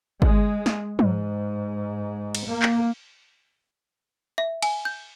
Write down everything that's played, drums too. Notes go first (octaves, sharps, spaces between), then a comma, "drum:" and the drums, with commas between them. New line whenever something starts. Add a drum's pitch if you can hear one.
G#3, drum: kick
drum: snare
G#2, drum: tom
drum: cymbal
A#3
drum: clap
E5
G#5, drum: cymbal
G6